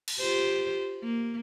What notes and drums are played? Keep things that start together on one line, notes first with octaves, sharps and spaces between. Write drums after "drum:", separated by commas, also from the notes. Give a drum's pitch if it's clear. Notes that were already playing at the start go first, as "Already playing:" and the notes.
drum: cymbal
F4 G4 C5
A#3